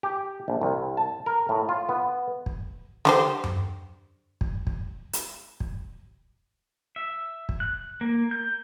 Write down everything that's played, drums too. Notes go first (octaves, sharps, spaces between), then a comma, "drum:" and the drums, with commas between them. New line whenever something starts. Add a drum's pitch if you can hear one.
G4
A#1
C2
A5
A#4
A2
F4
B3
drum: kick
D3 G4 C5, drum: snare
drum: tom F#2
drum: kick
drum: kick
drum: hi-hat
drum: kick
E5
drum: kick
F#6
A#3
G6